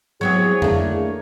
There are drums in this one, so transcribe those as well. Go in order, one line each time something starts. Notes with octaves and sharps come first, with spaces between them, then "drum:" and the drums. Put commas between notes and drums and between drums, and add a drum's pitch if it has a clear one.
F#3 G#3 B3 C4 E4 G#4 C#5
A3 A#3 D4, drum: tom F2